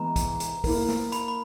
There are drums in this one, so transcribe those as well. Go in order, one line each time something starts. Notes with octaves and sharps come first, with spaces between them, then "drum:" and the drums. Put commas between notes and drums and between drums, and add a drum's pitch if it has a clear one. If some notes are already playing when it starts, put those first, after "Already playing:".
Already playing: E3 G#3 B3 E4 A#5
drum: kick, hi-hat
drum: hi-hat
A#3 E4 A#4, drum: kick, open hi-hat
drum: snare
B5, drum: hi-hat
B5